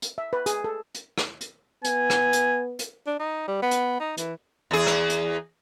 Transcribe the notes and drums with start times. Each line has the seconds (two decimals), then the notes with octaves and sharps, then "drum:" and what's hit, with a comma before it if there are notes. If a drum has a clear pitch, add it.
0.02 drum: hi-hat
0.18 E5
0.33 B4
0.46 G#4, drum: hi-hat
0.64 A4
0.95 drum: hi-hat
1.18 drum: rim click
1.41 drum: hi-hat
1.84 B3 G#5, drum: hi-hat
2.10 drum: rim click
2.33 drum: hi-hat
2.79 drum: hi-hat
3.07 D4
3.19 D#4
3.48 G3
3.62 B3
3.71 drum: hi-hat
4.00 D#4
4.17 E3, drum: hi-hat
4.71 E2 G#4
4.87 drum: rim click
5.10 drum: hi-hat